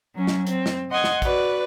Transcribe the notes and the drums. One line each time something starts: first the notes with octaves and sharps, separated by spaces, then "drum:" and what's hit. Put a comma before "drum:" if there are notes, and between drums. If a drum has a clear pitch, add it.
F#3 C#4
drum: snare
C4, drum: hi-hat
drum: snare
D#5 F#5 C6 D#6 G#6
drum: snare
F#4 B4 D5, drum: kick, hi-hat